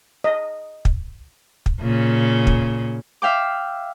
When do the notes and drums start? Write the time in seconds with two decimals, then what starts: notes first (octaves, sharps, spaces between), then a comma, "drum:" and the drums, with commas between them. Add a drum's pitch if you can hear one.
0.24 D#5
0.85 drum: kick
1.66 drum: kick
1.80 A#2 C#3
2.47 drum: kick
3.22 E5 F5 G5 D6